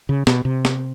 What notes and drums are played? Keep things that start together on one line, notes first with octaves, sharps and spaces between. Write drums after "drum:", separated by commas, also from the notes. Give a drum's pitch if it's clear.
C#3
B2, drum: snare
C3
drum: snare